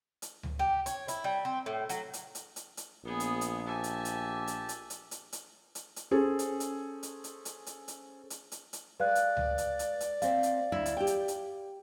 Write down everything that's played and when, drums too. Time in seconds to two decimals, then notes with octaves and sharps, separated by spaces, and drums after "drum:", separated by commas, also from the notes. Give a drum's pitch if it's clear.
0.22 drum: hi-hat
0.43 drum: tom C#2
0.59 G4
0.86 C#5, drum: hi-hat
1.08 E4, drum: hi-hat
1.24 G3
1.45 C4
1.66 A2
1.89 F#3, drum: hi-hat
2.13 drum: hi-hat
2.35 drum: hi-hat
2.56 drum: hi-hat
2.77 drum: hi-hat
3.05 A#1 B3 G#4
3.20 drum: hi-hat
3.41 drum: hi-hat
3.67 G4 E5 G#5 A5
3.84 drum: hi-hat
4.05 drum: hi-hat
4.47 drum: hi-hat
4.69 drum: hi-hat
4.90 drum: hi-hat
5.11 drum: hi-hat
5.33 drum: hi-hat
5.75 drum: hi-hat
5.96 drum: hi-hat
6.11 C#4 G#4 A4 C5
6.39 drum: hi-hat
6.60 drum: hi-hat
7.03 drum: hi-hat
7.24 drum: hi-hat
7.45 drum: hi-hat
7.66 drum: hi-hat
7.88 drum: hi-hat
8.30 drum: hi-hat
8.52 drum: hi-hat
8.73 drum: hi-hat
9.00 G#3 B4 D5 F5 F#6
9.15 drum: hi-hat
9.37 drum: tom C#2
9.58 drum: hi-hat
9.79 drum: hi-hat
10.00 drum: hi-hat
10.22 A3 C4 F5, drum: hi-hat
10.43 drum: hi-hat
10.72 D2 E4 E5
10.86 drum: hi-hat
10.97 G4 G5
11.07 drum: hi-hat
11.28 drum: hi-hat